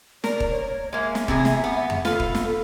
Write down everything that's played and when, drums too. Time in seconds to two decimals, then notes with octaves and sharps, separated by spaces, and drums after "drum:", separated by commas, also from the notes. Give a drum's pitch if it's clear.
0.24 A#4 D5, drum: snare
0.40 drum: kick D#1
0.50 C#5
0.93 G#3 A#3 E5
1.15 drum: snare
1.28 C3 E3 G#4, drum: kick D#1
1.45 drum: snare
1.64 B3
1.90 drum: tom F2
2.05 F4 A4 B4, drum: snare
2.20 drum: kick D#1
2.35 drum: snare